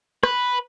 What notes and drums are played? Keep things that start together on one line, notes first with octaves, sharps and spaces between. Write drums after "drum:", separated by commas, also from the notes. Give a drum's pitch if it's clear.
B4, drum: rim click